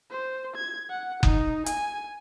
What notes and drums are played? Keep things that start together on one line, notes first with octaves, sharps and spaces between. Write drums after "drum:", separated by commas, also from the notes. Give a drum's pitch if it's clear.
C5
G#6
F#5
D#4, drum: kick F#1
G#5, drum: hi-hat